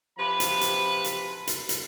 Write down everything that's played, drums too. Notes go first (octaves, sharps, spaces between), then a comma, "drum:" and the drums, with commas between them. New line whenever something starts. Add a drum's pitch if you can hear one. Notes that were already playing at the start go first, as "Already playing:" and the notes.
C3 F3 C4 B4 B5
drum: hi-hat
drum: hi-hat
drum: hi-hat
drum: hi-hat
drum: hi-hat